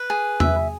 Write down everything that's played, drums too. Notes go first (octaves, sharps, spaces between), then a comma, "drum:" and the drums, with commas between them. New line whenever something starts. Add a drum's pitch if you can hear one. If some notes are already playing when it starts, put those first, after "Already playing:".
Already playing: B4
G#4
E5, drum: tom E2